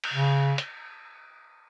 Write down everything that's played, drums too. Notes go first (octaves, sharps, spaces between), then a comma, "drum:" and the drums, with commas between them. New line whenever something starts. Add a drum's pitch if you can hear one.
drum: cymbal
C#3
drum: hi-hat